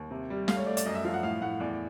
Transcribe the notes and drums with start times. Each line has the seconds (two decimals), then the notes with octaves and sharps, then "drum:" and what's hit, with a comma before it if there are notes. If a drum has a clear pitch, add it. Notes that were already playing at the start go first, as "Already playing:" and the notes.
Already playing: D#2
0.11 C3
0.30 G3
0.48 A3 F5, drum: snare
0.57 C#5
0.67 A3 D5
0.77 D5, drum: hi-hat
0.86 F#2 D#5
0.95 E5
1.04 F3 F5
1.14 F#5
1.23 A2 F5
1.42 A2 F#5
1.60 E2 D5